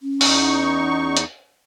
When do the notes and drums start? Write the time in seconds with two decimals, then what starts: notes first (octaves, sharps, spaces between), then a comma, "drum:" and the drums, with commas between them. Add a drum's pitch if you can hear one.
0.01 C#4
0.21 E2 D#4 C#6, drum: open hi-hat
1.17 drum: hi-hat